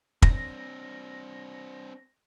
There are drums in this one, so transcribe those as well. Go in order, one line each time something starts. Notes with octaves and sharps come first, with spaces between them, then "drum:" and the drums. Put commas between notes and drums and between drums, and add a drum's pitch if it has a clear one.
C4 D4 A#6, drum: kick